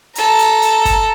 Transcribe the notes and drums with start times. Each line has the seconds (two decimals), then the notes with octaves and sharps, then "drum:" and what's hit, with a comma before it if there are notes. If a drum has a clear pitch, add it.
0.15 A4 A#5, drum: hi-hat
0.39 drum: hi-hat
0.62 drum: hi-hat
0.85 drum: kick, hi-hat